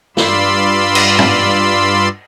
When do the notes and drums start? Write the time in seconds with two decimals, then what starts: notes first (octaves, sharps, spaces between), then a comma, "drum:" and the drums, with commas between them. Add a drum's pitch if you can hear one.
0.17 G2 F4 D5 B5 C6 E6, drum: snare
0.95 drum: cymbal
1.19 drum: tom